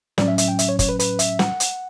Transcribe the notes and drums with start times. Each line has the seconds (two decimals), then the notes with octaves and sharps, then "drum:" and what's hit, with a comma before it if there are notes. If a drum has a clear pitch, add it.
0.18 A2 F#3 C#4 D5, drum: snare
0.28 E5
0.38 E5, drum: hi-hat
0.48 G5
0.59 E5, drum: hi-hat
0.69 C#5
0.79 C#5, drum: kick F#1, hi-hat
0.89 B4
0.99 B4, drum: hi-hat
1.19 E5, drum: hi-hat
1.39 F#5, drum: snare
1.60 drum: hi-hat